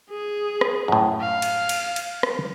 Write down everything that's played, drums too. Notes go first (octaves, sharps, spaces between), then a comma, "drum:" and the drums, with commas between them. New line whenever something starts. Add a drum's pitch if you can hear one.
G#4
drum: rim click
F#2 A2
F5
drum: cymbal
drum: cymbal
drum: cymbal
drum: rim click